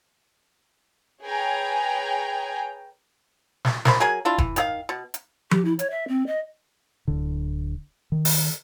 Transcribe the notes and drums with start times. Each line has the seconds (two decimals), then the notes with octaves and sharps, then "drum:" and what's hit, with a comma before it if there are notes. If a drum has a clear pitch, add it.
1.22 G#4 B4 C#5 G5 G#5 A#5
3.65 drum: snare
3.85 A#4 C5 B5, drum: snare
4.00 F#3 G#4 A#4 G#5
4.25 D4 E4 F4
4.38 E3, drum: kick E1
4.56 D#3 G#4 F5, drum: hi-hat
4.89 B2
5.14 drum: hi-hat
5.51 G4, drum: tom F3
5.65 E4
5.79 C#5, drum: hi-hat
5.90 E5
6.08 C4
6.27 D#5
7.08 D1 D3
8.12 D#3
8.25 drum: open hi-hat